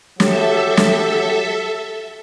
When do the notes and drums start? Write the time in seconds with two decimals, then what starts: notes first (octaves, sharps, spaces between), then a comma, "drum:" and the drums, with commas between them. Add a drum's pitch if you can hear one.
0.20 F#3 G4 A4 E5, drum: snare
0.77 drum: snare